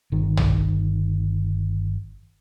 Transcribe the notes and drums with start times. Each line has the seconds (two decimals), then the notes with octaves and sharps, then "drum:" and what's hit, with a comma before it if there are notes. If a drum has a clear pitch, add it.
0.12 G1 D#3
0.37 drum: tom